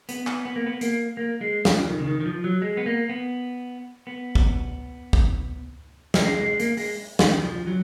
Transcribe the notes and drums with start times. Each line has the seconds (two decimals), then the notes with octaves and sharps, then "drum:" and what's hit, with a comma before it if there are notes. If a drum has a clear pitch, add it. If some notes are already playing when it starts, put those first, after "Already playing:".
0.09 B3, drum: hi-hat
0.27 B3, drum: clap
0.46 B3
0.56 A#3
0.66 B3
0.81 A#3, drum: hi-hat
1.17 A#3
1.41 G#3
1.65 F3, drum: snare
1.89 D#3
2.00 C#3
2.07 D#3
2.20 D#3
2.26 F3
2.44 F#3
2.62 G#3
2.77 B3
2.86 A#3
3.09 B3
4.07 B3
4.35 drum: kick
5.13 drum: kick
6.14 drum: snare
6.24 G#3
6.42 G#3
6.60 A#3, drum: hi-hat
6.77 G#3, drum: open hi-hat
7.19 D#3, drum: snare
7.44 F3
7.67 F#3